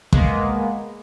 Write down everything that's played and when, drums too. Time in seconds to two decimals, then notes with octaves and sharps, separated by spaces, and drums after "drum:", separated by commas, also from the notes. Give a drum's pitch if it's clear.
0.13 G#3 A#3 B3, drum: kick